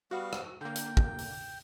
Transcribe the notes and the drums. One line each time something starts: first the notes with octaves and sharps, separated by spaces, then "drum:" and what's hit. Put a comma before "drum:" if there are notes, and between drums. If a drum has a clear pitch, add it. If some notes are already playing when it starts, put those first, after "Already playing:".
G3 B3 F#4 F5
drum: rim click
D3 A#3 G5
drum: hi-hat
drum: kick
drum: open hi-hat